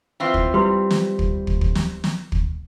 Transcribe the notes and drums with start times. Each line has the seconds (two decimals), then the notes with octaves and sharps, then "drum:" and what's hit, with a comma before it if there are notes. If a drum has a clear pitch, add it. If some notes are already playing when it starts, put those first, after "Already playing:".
0.20 E3 C4 F4
0.34 drum: kick
0.54 G3 E4 B4 C6
0.91 drum: snare
1.19 drum: kick
1.47 drum: kick
1.61 drum: kick
1.75 drum: snare
2.04 drum: snare
2.32 drum: kick